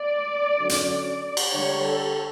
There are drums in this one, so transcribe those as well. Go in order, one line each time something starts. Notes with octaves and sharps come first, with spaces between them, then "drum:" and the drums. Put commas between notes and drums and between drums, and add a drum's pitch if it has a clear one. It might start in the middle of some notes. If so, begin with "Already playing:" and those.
Already playing: D5
D3 F#3 C#4
drum: hi-hat
drum: cymbal
D3 G3 D4 C#5
A4